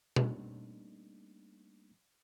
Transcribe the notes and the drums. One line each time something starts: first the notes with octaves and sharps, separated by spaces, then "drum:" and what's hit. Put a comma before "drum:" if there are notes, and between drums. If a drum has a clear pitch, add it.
G3 A3 A#3 C4 D4 D#4, drum: tom B2